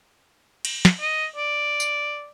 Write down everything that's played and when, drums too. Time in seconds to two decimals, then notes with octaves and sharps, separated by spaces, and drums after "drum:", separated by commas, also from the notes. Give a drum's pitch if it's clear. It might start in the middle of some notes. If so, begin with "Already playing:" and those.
0.65 drum: cymbal
0.85 drum: snare
1.01 D#5
1.36 D5
1.80 drum: tambourine